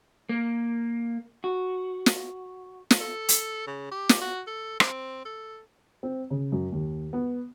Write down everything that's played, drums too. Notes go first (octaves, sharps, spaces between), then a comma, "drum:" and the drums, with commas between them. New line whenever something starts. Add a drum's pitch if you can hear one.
A#3
F#4
drum: snare
drum: snare
A4
drum: hi-hat
C#3
G4
drum: snare
F#4
A4
C4, drum: rim click
A4
C4
C#3
F#2
D#2
B3